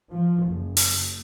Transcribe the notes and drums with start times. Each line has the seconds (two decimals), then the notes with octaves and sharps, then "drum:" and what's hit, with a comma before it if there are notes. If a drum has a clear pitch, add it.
0.11 F3
0.46 F#1
0.77 drum: open hi-hat